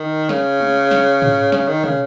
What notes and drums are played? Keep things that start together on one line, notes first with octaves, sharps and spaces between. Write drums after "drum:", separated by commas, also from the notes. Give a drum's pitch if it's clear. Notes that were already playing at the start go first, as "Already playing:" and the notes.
Already playing: D#3
C#3, drum: snare
drum: tom
drum: snare
drum: tom
C#3, drum: snare
D#3
C#3, drum: tom